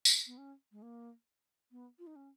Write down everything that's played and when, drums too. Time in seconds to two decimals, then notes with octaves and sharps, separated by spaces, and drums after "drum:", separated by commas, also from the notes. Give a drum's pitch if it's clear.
0.05 drum: tambourine
0.27 B3
0.38 C#4
0.72 G#3
0.82 A#3
1.71 B3
1.99 F4
2.07 D#4
2.16 C#4